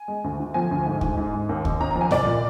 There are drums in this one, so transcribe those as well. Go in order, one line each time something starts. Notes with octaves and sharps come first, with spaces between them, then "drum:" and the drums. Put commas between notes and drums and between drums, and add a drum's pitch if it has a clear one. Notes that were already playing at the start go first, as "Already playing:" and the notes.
Already playing: G#5
G#3
D2
D3
F3 G#5
D2
G#2
G#2, drum: kick
G#2
G#2
D#2
D#2, drum: kick
D#2 A#5
A#5
F3
G#5
C2 D5, drum: snare
A#2